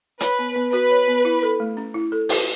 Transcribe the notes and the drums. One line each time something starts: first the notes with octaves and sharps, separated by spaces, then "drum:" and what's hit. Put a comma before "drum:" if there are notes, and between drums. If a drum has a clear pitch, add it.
B4 C#5, drum: hi-hat
B3
B3
F#4 B4
C#5
B3
E4
A4
A3
C#4
E4
A4
B4, drum: open hi-hat